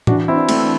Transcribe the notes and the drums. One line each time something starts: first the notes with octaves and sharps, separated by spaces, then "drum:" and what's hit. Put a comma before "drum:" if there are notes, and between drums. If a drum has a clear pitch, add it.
E3 D4 F#4, drum: tom A2
C4 E4
D4
A3 C4, drum: cymbal
A3